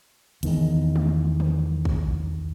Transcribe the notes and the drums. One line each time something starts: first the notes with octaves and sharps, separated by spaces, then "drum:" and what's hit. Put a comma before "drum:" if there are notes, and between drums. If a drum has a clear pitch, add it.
E2 D#3 G#3, drum: hi-hat
drum: tom G#3
drum: tom D3
drum: kick